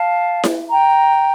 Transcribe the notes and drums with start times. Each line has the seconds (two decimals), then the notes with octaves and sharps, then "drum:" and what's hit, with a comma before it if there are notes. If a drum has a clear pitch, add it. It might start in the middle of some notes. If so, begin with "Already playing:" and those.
Already playing: F5 A5
0.44 drum: snare E4
0.70 G5 A#5